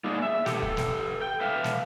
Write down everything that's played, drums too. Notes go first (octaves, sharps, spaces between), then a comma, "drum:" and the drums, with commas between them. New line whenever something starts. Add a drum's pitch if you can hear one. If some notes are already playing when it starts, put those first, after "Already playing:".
A#3 D#4 G#4 D5 D#5 G#5
E5
G4 A4, drum: snare
drum: kick
drum: snare
G5
B4 E5 F5
drum: snare